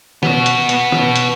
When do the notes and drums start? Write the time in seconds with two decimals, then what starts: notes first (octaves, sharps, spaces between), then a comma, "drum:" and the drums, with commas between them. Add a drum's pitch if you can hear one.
0.23 B3 F#4, drum: snare
0.46 drum: hi-hat
0.69 drum: hi-hat
0.92 drum: snare
1.16 drum: hi-hat